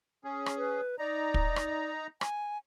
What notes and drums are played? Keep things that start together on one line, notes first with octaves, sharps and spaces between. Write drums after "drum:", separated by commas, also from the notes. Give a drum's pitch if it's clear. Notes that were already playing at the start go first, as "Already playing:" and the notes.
C#4 G#4
drum: rim click
B4
D#4 D5 A#5
drum: kick
drum: rim click
G#5, drum: rim click